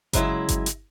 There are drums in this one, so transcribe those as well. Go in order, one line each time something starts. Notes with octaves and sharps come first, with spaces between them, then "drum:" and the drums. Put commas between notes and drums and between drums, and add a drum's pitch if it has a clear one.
C#3 F#3 G#3 E4 E5, drum: kick G1, hi-hat
drum: kick G1, hi-hat
drum: hi-hat